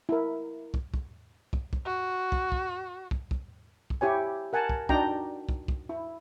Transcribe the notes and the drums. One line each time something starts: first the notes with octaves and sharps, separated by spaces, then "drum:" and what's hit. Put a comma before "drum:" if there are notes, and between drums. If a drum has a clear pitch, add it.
E4 A#4
drum: kick
drum: kick
drum: kick
drum: kick
F#4
drum: kick
drum: kick
drum: kick
drum: kick
drum: kick
E4 G4 C#5 G#5
A#4 F#5 G#5 A5
drum: kick
D4 D#4 F#4 D5 G5 A#5, drum: kick
drum: kick
drum: kick
E4